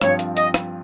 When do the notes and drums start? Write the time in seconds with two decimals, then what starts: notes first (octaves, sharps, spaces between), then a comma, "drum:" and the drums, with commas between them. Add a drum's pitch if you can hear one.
0.01 G2 F3 C4 F4 C#5, drum: rim click
0.19 drum: hi-hat
0.37 D#5, drum: hi-hat
0.54 drum: rim click